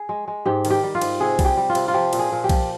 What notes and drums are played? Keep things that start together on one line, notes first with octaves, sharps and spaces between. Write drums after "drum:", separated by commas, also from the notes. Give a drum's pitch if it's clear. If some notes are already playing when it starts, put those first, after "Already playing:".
Already playing: G#4
G#3
G#3
G#2 G4
D#3, drum: cymbal
G4
G3
F4
G#2, drum: cymbal
C3 G#4
G3, drum: kick B1, cymbal
G4
G3
F4
C3, drum: cymbal
F4
F3 G4
A#2, drum: cymbal
G#4
A#2
G4
F3, drum: kick B1, cymbal